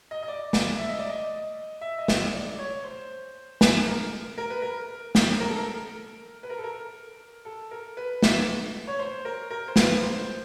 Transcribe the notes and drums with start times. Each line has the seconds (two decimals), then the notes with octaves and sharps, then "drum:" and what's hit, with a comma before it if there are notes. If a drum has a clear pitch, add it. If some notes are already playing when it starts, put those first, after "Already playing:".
0.11 D#5
0.23 D#5
0.28 D5
0.53 drum: snare
0.78 E5
0.89 D#5
0.99 D5
1.09 D#5
1.81 E5
1.98 D#5
2.08 E5, drum: snare
2.15 D#5
2.33 D5
2.58 C#5
2.84 C5
3.61 drum: snare
3.87 A#4
4.38 A#4
4.50 B4
4.62 A#4
5.15 drum: snare
5.40 A#4
5.49 A4
5.59 A#4
6.43 B4
6.50 A#4
6.58 A4
6.64 A#4
7.45 A4
7.71 A#4
7.97 B4
8.22 drum: snare
8.87 C#5
8.99 C5
9.25 A#4
9.51 A#4
9.68 C5
9.76 B4, drum: snare
10.03 C5